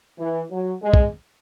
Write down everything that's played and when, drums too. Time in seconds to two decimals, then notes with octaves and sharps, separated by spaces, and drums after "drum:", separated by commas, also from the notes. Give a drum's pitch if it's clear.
0.19 E3
0.51 F#3
0.82 G#3
0.94 drum: kick